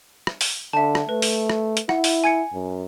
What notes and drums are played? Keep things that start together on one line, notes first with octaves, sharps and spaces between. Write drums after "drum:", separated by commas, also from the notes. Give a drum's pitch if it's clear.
drum: rim click
drum: open hi-hat
D3 E5 A5
drum: rim click
A3 B4
drum: open hi-hat
drum: rim click
drum: hi-hat
E4 F#5, drum: rim click
drum: open hi-hat
G#5 G#6 C#7
F#2